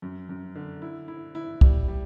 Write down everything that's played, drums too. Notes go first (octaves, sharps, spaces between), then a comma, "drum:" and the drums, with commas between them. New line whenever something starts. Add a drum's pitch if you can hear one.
F#2
F#2
D3
E4
E4
E4
G3, drum: kick C2
G3